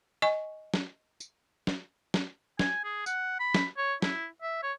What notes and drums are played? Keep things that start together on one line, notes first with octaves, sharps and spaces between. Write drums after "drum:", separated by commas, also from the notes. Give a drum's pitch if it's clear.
D#5 G#5 C#6
drum: snare
drum: tambourine
drum: snare
drum: snare
G#5, drum: snare
G#4
F#5, drum: tambourine
B5
drum: snare
C#5
E4, drum: snare
E5
C#5